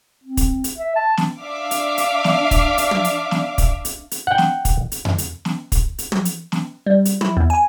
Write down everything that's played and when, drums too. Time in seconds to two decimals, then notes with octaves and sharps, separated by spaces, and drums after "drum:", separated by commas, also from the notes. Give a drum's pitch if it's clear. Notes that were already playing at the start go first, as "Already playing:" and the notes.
0.24 C4
0.37 drum: kick, hi-hat
0.64 drum: hi-hat
0.78 E5
0.96 A5
1.17 drum: snare
1.40 D4 E5 F5 D6
1.71 drum: hi-hat
1.98 drum: hi-hat
2.24 drum: snare
2.51 drum: kick, hi-hat
2.78 drum: hi-hat
2.91 drum: tom
3.05 drum: hi-hat
3.31 drum: snare
3.58 drum: kick, hi-hat
3.85 drum: hi-hat
4.11 drum: hi-hat
4.27 F#5 G5
4.38 drum: snare
4.65 drum: kick, hi-hat
4.92 drum: hi-hat
5.05 drum: tom F2
5.18 drum: hi-hat
5.45 drum: snare
5.72 drum: kick, hi-hat
5.98 drum: hi-hat
6.12 drum: tom
6.25 drum: hi-hat
6.52 drum: snare
6.86 G3
7.05 drum: hi-hat
7.21 E4, drum: tom
7.37 E2
7.50 G#5